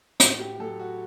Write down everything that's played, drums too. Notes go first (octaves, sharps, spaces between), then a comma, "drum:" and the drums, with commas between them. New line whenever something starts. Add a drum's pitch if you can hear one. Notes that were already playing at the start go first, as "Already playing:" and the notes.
A2 F#4, drum: hi-hat
G4
F#3 A4
F#4